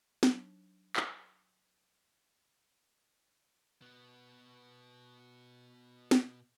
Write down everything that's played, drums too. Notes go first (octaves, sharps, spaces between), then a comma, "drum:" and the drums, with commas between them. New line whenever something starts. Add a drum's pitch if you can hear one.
F#3 D4 D#4, drum: snare
drum: clap
B2 B3
drum: snare